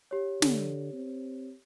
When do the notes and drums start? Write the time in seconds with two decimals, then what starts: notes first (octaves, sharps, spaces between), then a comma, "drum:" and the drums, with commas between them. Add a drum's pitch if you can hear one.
0.11 G4 C#5
0.42 D3, drum: snare
0.93 C4